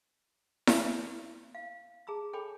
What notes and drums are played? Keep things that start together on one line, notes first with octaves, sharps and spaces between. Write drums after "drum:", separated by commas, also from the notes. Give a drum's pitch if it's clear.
drum: snare E4
F5
G#4 A5 A#5 E6
A4 C#5 G5 G#5 B5 D6